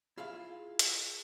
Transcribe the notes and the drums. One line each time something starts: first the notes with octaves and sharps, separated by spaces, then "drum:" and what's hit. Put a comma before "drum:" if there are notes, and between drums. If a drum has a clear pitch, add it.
E4 F4 G#4 E5 F5
drum: hi-hat